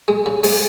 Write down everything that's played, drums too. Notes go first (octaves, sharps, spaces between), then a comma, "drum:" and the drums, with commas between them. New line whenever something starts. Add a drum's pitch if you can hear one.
G#3
C#3
G#3, drum: open hi-hat